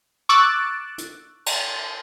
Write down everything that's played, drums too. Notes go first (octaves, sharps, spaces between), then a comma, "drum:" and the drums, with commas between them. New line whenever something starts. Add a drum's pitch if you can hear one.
C#6 D6 E6 F#6 A6
drum: hi-hat
drum: cymbal